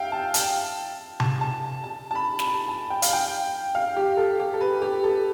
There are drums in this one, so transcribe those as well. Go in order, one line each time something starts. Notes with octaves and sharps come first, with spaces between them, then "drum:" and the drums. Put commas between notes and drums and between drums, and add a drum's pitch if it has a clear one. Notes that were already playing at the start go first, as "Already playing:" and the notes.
Already playing: E5 F5 G5
A5
A5, drum: hi-hat
A5, drum: tom C3
A5
A5
A5
B5
B5, drum: snare
A5
A5
G5
F5, drum: hi-hat
G5
F5
G4
A4
G4
A4
B4
G4
A4